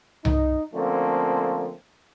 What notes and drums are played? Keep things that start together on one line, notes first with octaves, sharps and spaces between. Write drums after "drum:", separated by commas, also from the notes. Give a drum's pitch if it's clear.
D#4, drum: tom C2
D3 F3 A3 A#3 C4 C#4